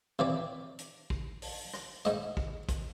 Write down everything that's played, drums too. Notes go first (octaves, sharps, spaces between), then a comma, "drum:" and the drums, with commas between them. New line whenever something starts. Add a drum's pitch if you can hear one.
C3 E3 D5
drum: hi-hat
drum: kick
drum: open hi-hat
drum: rim click
G#2 D#5, drum: hi-hat
drum: kick
drum: kick, hi-hat